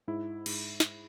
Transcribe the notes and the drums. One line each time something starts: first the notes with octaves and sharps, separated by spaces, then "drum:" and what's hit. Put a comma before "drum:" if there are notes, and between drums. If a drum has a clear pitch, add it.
G#2 E4
G#2, drum: cymbal
drum: snare